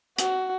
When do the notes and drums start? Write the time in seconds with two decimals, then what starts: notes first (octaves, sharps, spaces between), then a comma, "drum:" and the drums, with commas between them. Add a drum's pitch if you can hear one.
0.18 F#4, drum: hi-hat